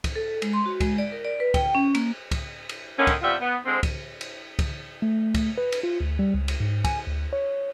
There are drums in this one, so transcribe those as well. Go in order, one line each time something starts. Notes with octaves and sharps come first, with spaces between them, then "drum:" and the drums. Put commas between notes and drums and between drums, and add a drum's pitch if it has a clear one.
drum: kick, cymbal
A4
G#3, drum: cymbal
C6
F#4
G#3, drum: kick, cymbal
D5
A#4
D5
B4
G5, drum: kick, cymbal
C#4
A#3, drum: cymbal
drum: kick, cymbal
drum: cymbal
D3 D#3 A#3 C#4
drum: kick, cymbal
C3 G3 B3 F4 E5
B3
D3 G#3 C4
drum: kick, cymbal
drum: cymbal
drum: kick, cymbal
A3
drum: kick, cymbal
B4
drum: cymbal
F4
D2
G3
C#2
drum: cymbal
G#2
G#5, drum: kick, cymbal
D2
C#5